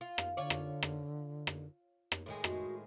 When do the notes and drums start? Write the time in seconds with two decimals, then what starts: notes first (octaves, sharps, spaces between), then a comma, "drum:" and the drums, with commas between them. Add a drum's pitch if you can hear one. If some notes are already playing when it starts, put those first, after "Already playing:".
0.01 F4
0.18 drum: rim click
0.37 D3 F4 C#5 D5
0.50 drum: rim click
0.83 drum: rim click
1.47 drum: rim click
2.12 drum: rim click
2.26 A2 D#3 G#3
2.44 F#4, drum: rim click